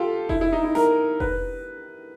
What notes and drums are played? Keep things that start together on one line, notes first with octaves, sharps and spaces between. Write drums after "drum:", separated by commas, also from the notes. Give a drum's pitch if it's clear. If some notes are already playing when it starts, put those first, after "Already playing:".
Already playing: F4 G4 A4
E4, drum: kick F1
E4
D#4
E4
A#4, drum: snare
B4, drum: kick F1